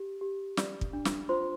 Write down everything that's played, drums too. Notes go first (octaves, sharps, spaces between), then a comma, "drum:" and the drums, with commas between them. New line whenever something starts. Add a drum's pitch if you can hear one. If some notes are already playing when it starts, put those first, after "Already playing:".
Already playing: G4
G4
D5, drum: snare
drum: kick
D4
drum: snare
F4 C5 C6